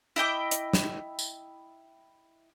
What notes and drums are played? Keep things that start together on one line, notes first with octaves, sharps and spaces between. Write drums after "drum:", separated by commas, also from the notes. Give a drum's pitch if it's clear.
E4 D#5 G5 D6
drum: hi-hat
drum: snare
drum: tambourine